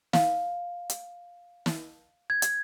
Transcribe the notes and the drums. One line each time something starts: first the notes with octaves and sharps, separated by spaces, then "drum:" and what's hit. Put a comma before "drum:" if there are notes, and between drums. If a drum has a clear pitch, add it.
F5, drum: snare
drum: hi-hat
drum: snare
G#6
drum: hi-hat